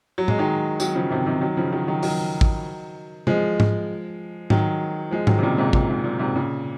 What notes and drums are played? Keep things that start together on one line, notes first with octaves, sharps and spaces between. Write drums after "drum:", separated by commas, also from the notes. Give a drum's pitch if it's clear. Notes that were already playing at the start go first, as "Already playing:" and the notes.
F#3
G#3, drum: tom
D#3 F#3
D#3 F#3, drum: tambourine
C#3 F3
C3 D#3
C3 D#3
D#3 F#3
C#3 F3
D#3 F#3
D#3 F#3
D#3 F#3, drum: open hi-hat
drum: kick A1
F3 G#3, drum: tom C3
drum: tom G#2
D#3 F#3, drum: tom G#2
F3 G#3
D#3 F#3, drum: tom G#2
C3
A#2 C#3
G#2 C3
A#2, drum: kick A1
G#2
A#2
G#2 C3
A#2 C#3